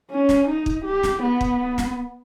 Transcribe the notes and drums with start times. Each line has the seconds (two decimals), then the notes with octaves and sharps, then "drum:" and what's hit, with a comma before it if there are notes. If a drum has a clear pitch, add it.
0.11 C#4
0.29 drum: snare
0.48 D#4
0.66 drum: kick
0.85 G4
1.03 drum: snare
1.22 B3
1.41 drum: kick
1.78 drum: snare